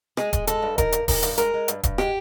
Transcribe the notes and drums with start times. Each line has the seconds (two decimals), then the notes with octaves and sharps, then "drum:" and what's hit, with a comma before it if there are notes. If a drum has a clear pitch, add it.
0.17 G#3 G#4, drum: rim click
0.33 G#3, drum: kick D#1, hi-hat
0.47 G#3 A4, drum: hi-hat
0.62 G2
0.78 D#3 A#4, drum: kick D#1, hi-hat
0.92 G2, drum: hi-hat
1.08 D#3 A#4, drum: kick D#1, open hi-hat
1.22 G2, drum: hi-hat
1.38 G#3 A#4, drum: hi-hat
1.54 G#3
1.68 G2, drum: hi-hat
1.83 G2, drum: kick D#1, hi-hat
1.98 G#3 G4, drum: rim click